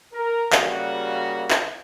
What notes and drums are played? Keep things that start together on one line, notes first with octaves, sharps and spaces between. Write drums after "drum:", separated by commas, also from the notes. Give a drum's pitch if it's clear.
A#4
C#3 G3 A#3 F#4, drum: clap
drum: clap